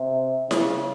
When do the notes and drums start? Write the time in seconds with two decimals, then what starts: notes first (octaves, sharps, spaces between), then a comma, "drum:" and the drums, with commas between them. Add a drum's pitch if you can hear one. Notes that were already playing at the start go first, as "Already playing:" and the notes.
Already playing: C3
0.51 C#3, drum: snare E4